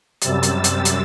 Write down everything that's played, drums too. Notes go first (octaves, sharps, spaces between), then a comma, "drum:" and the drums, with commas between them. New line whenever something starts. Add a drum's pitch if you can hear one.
F#2 C3 G3 E6 A6, drum: hi-hat
drum: hi-hat
drum: hi-hat
drum: hi-hat